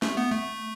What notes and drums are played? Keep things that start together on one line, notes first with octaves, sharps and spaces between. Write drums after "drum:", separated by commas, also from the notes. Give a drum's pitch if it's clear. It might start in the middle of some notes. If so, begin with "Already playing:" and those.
A3, drum: snare
B3
A3